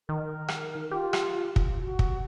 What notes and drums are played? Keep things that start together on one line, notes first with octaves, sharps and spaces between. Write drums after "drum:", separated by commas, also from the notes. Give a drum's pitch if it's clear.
D#3 A#4
drum: rim click
F4 G4
drum: rim click
drum: kick
F#4
drum: kick